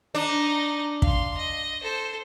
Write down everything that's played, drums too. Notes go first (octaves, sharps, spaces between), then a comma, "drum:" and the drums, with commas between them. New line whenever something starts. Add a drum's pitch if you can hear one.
D4 D#4 D#5
F5 C6, drum: kick
D#5
A4 C5